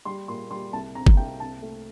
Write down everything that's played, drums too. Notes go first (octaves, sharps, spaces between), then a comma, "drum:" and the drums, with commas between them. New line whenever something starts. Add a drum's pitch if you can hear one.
G3 C6
A#2 C6
G3 C6
C2 A5
C4 A#5
drum: kick G1
C2 G5
C4 A5
A3